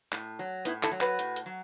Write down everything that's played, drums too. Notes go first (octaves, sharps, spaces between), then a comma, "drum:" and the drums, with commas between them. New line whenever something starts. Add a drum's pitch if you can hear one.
A2, drum: clap
F#3
A2 B3 E4, drum: hi-hat
E4 A4, drum: clap
F#3
F#4 B4, drum: clap
A2, drum: hi-hat
drum: hi-hat
F#3